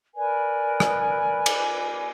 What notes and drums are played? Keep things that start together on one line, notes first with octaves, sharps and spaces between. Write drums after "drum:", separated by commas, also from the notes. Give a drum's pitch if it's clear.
A#4 B4 D5 G#5
drum: rim click
drum: cymbal